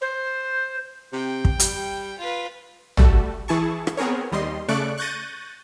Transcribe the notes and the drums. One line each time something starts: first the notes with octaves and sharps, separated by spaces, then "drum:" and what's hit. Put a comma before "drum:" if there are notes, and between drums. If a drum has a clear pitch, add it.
C5
C3 G5
drum: kick
G3, drum: hi-hat
F4 B4
G3 A3 F#4 A4, drum: tom A1
E3 E4 G#4 A5 C#6
drum: rim click
B3 C4 G#4 A#4 C#5
D#2 G3 D#5 C6
C#3 A3 D5 C#6 F#6 D7
C#6 F#6 G6 A6 A#6 D#7